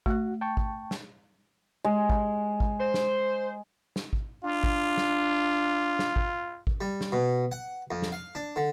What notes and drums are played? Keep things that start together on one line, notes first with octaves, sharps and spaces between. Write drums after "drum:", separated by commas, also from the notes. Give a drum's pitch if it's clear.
A3 F#4 F#5, drum: kick
G5 A5 C#6
drum: kick
drum: snare
G#3
drum: kick
drum: kick
C5
drum: snare
drum: snare
drum: kick
D4 F4
drum: kick
drum: snare
drum: snare
drum: kick
drum: kick
G3
drum: snare
B2
F#5
F2
drum: snare
F5
D4
D3